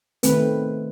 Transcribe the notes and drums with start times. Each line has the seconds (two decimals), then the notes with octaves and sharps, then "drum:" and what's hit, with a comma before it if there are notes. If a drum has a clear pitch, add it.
0.23 D#3 A3 C4 B4, drum: hi-hat